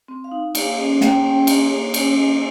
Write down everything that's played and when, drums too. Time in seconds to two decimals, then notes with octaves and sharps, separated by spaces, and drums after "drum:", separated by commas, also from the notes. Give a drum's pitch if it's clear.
0.08 C4
0.24 F5
0.31 D#4
0.55 A#3 F5, drum: cymbal
0.77 C#4 D#5
1.01 A#3 G5, drum: snare
1.24 C#4 G5
1.47 A#3 D#5, drum: cymbal
1.70 A#3 C#5
1.94 C#4 C#5, drum: cymbal
2.18 A#3 D#5